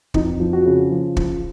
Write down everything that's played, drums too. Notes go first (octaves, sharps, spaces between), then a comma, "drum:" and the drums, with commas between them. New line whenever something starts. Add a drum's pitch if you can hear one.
F2 D#4, drum: kick
F3
F#4
C#3
F3
F3, drum: kick